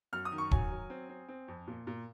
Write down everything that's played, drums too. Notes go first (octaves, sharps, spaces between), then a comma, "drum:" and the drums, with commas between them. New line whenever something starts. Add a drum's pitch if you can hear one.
F#2 F6
D#6
D#3
C#6
F#3 G#5, drum: kick
F#3
C4
C4
C4
F2
A#2
A#2